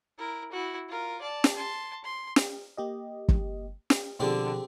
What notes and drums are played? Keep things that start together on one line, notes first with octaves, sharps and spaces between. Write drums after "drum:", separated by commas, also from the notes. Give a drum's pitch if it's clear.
E4 A#4
E4 F#4
F4 A#4
D5 A5
drum: snare
A5 C6
C6
drum: snare
A#3 G4 D#5
drum: kick
drum: snare
B2 D3 F3 C4 G4 G#4